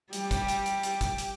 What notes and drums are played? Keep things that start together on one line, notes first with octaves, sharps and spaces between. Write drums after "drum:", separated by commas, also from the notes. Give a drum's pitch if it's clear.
G3 G4, drum: hi-hat
drum: kick, hi-hat
drum: hi-hat
drum: hi-hat
drum: hi-hat
drum: kick, hi-hat
drum: hi-hat